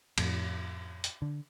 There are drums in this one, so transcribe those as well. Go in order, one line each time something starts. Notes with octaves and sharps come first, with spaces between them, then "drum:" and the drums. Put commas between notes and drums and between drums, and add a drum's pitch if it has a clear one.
F2 A2, drum: cymbal
drum: hi-hat
D3